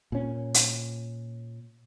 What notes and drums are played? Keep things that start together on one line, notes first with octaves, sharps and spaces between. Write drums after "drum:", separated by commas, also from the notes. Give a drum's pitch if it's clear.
A#2 C#4
drum: hi-hat